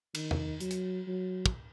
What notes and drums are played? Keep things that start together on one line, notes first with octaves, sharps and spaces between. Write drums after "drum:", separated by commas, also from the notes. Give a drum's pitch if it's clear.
D#3, drum: cymbal
drum: tom E2
F#3, drum: hi-hat
drum: hi-hat
F#3
drum: kick